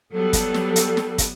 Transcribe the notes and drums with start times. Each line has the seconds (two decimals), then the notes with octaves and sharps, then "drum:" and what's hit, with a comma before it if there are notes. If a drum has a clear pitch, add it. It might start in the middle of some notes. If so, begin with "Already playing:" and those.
0.12 F#3 G3 B3 A4
0.33 drum: kick, hi-hat
0.54 drum: snare
0.76 drum: hi-hat
0.97 drum: snare
1.18 drum: kick, hi-hat